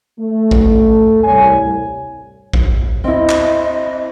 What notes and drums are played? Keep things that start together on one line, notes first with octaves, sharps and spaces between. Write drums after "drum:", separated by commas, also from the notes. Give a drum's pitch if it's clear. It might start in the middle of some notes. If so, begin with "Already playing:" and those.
A3
drum: kick A1
C2 C#5 G#5
drum: kick A1
C4 E4 D#5
drum: clap